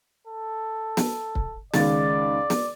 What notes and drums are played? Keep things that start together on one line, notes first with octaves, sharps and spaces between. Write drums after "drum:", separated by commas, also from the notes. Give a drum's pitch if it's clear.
A4
drum: snare
drum: kick C#1
C#2 D#3 D5 A6, drum: snare
drum: snare